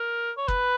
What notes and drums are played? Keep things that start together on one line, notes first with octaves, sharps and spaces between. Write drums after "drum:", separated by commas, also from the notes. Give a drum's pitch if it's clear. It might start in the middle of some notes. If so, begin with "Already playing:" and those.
Already playing: A#4
C#5
B4, drum: kick